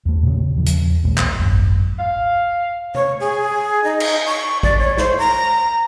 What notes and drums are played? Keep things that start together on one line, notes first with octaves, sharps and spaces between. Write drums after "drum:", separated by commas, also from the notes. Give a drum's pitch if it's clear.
E2 A3
A#2 C#3
E2 F3
drum: hi-hat
A#1 D#2 A#2 G#3
drum: clap
D1 G#1 F#2
F5
C#5, drum: tom C3
G#4
D#4
drum: cymbal
C#6
D5, drum: kick
C#5
C5, drum: snare
A#5